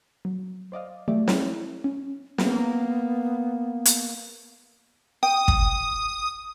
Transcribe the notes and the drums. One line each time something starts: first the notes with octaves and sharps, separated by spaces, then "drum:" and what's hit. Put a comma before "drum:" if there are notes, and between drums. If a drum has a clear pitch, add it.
F#3
C5 D5 D#5 F5
E3 F#3 A3 G4 D5 E5
E4 C#5, drum: snare
C#4
A#3 B3, drum: snare
drum: hi-hat
G5 D#6
drum: kick